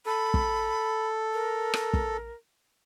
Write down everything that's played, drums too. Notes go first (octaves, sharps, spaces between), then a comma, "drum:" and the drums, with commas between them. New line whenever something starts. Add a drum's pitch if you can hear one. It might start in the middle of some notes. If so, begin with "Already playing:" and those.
A4 B5
drum: kick
A#4
drum: rim click
drum: kick